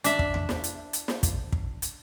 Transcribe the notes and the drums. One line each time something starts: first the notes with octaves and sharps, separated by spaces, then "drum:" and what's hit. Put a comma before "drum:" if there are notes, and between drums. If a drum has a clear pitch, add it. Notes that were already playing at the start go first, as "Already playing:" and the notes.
D4 E5, drum: hi-hat
drum: kick
drum: tom E2
drum: snare
drum: hi-hat
drum: hi-hat
drum: snare
drum: kick, hi-hat
drum: kick
drum: hi-hat